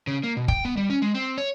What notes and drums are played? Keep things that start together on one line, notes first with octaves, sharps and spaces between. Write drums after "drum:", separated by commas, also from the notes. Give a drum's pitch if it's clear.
C#3
A#3
B2
G5, drum: kick
B3
G3
C#4
G#3
C4
C#5